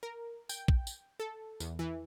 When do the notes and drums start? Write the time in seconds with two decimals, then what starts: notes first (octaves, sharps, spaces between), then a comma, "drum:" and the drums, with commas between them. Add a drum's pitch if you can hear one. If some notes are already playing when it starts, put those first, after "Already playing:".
0.03 A#4
0.49 G5, drum: tambourine
0.68 drum: kick
0.87 drum: tambourine
1.20 A4
1.60 E2, drum: tambourine
1.79 E3